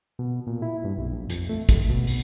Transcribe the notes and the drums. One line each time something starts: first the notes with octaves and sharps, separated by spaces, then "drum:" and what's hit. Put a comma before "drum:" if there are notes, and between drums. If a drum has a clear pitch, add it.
B2
A#2
E4
G2
B1
A#1
F2, drum: hi-hat
A3
F1, drum: kick, hi-hat
B2
drum: open hi-hat